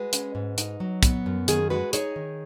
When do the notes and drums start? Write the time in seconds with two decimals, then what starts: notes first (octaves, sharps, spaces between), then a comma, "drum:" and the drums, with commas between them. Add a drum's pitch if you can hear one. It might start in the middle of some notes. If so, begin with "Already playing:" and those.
Already playing: G#3 F#4 B4
0.13 C#4, drum: hi-hat
0.35 G#2
0.58 D#4, drum: hi-hat
0.80 F#3
1.03 B3, drum: kick, hi-hat
1.26 F#2
1.48 D#3 G#4, drum: hi-hat
1.70 G#3 F#4 B4
1.93 D#4 G#4 C#5, drum: hi-hat
2.16 D#3